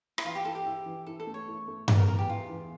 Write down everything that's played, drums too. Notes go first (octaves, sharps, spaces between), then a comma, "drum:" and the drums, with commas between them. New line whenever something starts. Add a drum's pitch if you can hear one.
E4, drum: rim click
E3 F4
G4
E4 A4
G4
E4
E3
E4 A4
A4
A3
C#5
E4
A3
E2 D5, drum: tom G2
A#4
E3 A#4
G4
E3 F4
E3